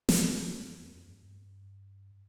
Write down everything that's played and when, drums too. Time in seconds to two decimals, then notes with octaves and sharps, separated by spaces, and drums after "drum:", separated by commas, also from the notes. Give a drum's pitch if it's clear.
0.09 drum: snare
0.25 F2
0.80 F2
0.95 F2
1.09 G2
1.23 G2